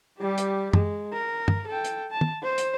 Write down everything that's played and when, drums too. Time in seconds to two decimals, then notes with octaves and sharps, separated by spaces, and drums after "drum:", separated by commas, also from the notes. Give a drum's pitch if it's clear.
0.19 G3 G4
0.38 drum: hi-hat
0.73 G#3, drum: tom F#2
1.13 A#4
1.48 drum: tom
1.68 A4 G5
1.85 drum: hi-hat
2.11 A5
2.21 drum: tom
2.43 C5
2.58 drum: hi-hat